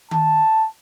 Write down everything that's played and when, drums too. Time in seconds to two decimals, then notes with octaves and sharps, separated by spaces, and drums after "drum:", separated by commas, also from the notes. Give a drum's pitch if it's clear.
0.11 A5, drum: tom D#3